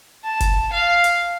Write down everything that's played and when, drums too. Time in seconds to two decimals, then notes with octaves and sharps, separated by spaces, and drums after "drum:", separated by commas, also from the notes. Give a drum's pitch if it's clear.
0.25 A5
0.40 drum: kick F#1, hi-hat
0.73 F5
1.04 drum: hi-hat